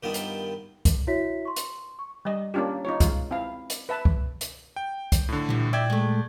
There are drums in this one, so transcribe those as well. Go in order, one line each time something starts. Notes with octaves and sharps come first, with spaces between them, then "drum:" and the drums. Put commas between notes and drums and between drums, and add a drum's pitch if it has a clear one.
G2 D#3 G3 B3 F4 G4
drum: hi-hat
drum: kick, hi-hat
E4 F#4 C#5 E5 B6
C6 C#6
drum: hi-hat
C#6
G3 D#5
A#3 C#4 D4 F4 G4
D#4 F4 C#5
G#3 F4, drum: kick, hi-hat
C4 E4 F5
drum: hi-hat
B4 E5 A5
drum: kick
drum: hi-hat
G5
drum: kick, hi-hat
A2 D3
A#2 E3 G3
D5 E5 G5 G#6
G#3 A3